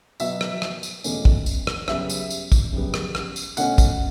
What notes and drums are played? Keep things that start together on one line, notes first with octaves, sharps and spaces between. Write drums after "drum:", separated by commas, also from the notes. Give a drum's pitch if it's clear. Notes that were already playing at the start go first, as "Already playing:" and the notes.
B2 F#3 B3 E5, drum: tambourine
drum: rim click
drum: rim click
drum: tambourine
E2 B2 A3 C#4, drum: tambourine
drum: kick
drum: tambourine
drum: rim click
F#2 C#3 G3 B3 E5, drum: rim click
drum: tambourine
drum: tambourine
drum: kick, tambourine
F#2 C#3 G3 B3
drum: rim click
drum: rim click
drum: tambourine
B2 A3 C#4 F#5, drum: tambourine
drum: kick, tambourine